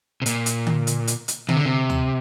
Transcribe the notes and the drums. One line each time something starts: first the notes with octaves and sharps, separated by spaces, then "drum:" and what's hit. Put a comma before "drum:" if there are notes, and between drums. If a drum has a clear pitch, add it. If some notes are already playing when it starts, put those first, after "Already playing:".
C3
A#2, drum: hi-hat
drum: hi-hat
drum: tom D3
drum: hi-hat
drum: hi-hat
drum: hi-hat
C3, drum: tom D3
D3
C3
drum: tom D2